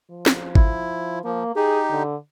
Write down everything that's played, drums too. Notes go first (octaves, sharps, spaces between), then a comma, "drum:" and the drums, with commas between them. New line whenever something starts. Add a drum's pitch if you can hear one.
F3
drum: snare
E4, drum: kick
F3 A#3
D#4 G4 G#4
D3